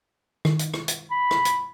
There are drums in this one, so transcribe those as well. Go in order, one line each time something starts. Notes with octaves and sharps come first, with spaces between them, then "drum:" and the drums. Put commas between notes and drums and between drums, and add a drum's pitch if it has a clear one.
D#3, drum: rim click
drum: hi-hat
drum: rim click
drum: hi-hat
B5
drum: rim click
drum: hi-hat